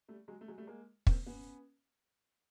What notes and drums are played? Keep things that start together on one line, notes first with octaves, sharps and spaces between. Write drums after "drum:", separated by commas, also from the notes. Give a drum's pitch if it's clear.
G3 A3
F#3 G#3
A3
F#3 G#3
G3 A3
G#3 A#3
A#3 C4, drum: kick
B3 C#4